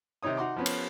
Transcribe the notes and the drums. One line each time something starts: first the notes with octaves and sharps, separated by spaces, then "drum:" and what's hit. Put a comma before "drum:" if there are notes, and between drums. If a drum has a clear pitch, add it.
C3 D#3 D#4 C#5 D#6
D#4 F#4 C6 D6
F3 B3 C#4
drum: cymbal